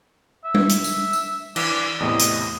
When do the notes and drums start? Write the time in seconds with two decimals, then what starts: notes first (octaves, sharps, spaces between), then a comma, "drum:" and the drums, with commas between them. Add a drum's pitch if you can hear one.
0.44 E5
0.54 drum: tom G3
0.69 drum: hi-hat
0.84 drum: tambourine
1.13 drum: tambourine
1.56 E3 D4, drum: cymbal
2.00 E2 A2 C3 D#5
2.19 drum: hi-hat